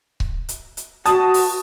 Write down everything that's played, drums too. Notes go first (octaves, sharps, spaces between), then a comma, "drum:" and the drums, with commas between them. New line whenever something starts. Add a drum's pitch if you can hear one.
drum: kick C#1
drum: hi-hat
drum: hi-hat
F#4 A5 D#6, drum: hi-hat
drum: open hi-hat